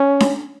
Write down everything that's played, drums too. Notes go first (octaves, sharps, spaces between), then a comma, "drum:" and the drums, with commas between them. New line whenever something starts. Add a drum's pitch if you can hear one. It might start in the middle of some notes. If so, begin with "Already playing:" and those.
Already playing: C#4
drum: snare D4